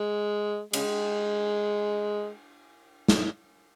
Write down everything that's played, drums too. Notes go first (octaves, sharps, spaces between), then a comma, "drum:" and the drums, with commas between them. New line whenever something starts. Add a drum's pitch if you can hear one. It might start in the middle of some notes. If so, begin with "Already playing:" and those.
Already playing: G#3
C#3 G#3, drum: cymbal
drum: snare